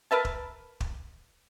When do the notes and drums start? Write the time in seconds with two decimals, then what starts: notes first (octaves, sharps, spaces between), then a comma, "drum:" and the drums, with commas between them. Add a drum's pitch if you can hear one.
0.11 A#4 B4 E5 A5
0.25 drum: kick
0.80 drum: kick